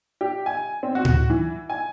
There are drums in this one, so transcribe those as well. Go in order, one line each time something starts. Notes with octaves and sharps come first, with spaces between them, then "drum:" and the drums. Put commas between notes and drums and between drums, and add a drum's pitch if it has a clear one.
G4
G#5
C4
F#4
drum: tom A2
E3
G#5